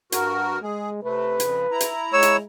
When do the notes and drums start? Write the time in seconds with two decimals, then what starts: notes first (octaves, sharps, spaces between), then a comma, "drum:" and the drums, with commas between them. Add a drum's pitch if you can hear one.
0.12 G2 F#4 A#4, drum: hi-hat
0.62 G#3 G#4
1.03 C3 A3 B4
1.40 F2 C#3, drum: hi-hat
1.71 E4 A#5
1.80 drum: hi-hat
2.13 G#3 C#5 E6
2.23 drum: hi-hat